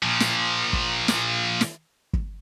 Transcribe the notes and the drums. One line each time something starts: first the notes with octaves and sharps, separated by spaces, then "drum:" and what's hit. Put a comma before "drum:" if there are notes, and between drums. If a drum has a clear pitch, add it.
A#2 F3
drum: snare
drum: kick
drum: snare
drum: snare
drum: kick